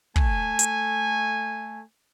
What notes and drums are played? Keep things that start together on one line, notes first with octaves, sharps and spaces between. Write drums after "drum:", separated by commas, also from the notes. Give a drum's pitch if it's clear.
A3 G#5, drum: kick
drum: hi-hat